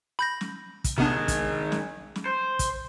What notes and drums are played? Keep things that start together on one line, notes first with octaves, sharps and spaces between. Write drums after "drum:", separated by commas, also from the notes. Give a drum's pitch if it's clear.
B5 G6 A#6
drum: snare
drum: kick, hi-hat
C3 D#3 B3 D4 G#4
drum: kick, hi-hat
drum: snare
drum: snare
C5
drum: kick, hi-hat